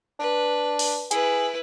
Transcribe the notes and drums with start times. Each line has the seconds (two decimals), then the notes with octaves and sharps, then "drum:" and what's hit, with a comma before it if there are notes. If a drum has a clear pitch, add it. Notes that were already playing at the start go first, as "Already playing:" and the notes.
0.20 D4 B4
0.79 drum: open hi-hat
1.11 E4 G#4 B4, drum: hi-hat